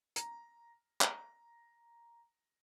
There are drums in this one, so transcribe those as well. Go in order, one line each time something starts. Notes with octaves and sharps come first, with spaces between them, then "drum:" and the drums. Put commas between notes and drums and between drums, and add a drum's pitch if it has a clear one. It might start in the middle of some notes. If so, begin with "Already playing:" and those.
A#5, drum: hi-hat
A#5, drum: clap